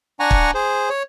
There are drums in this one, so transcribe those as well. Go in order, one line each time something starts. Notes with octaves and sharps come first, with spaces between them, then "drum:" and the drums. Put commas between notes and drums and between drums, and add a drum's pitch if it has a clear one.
D4 F#5 G#5 A#5 C#6
drum: kick
G#4 C5
C#5